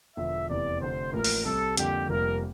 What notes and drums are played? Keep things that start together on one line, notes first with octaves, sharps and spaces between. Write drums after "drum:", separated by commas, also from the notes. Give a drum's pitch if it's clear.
E1 E2 D3 F3 E5
F1 E2 C3 E3 D5
F1 F2 D3 C5
A1 A2 F3 A#3 A#4
drum: open hi-hat
C2 C3 G3 A4
F2 D3 G3 A#3 G4, drum: hi-hat
F1 F2 C3 G3 A#3 A#4